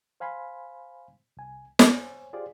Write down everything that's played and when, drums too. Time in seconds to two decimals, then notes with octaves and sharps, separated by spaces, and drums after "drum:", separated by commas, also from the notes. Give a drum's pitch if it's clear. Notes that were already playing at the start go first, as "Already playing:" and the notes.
0.20 C5 F5 G#5 B5 C6
1.37 C2 G#5
1.79 C5 C#5 G#5, drum: snare
2.33 F4 G4 G#4 C5 D5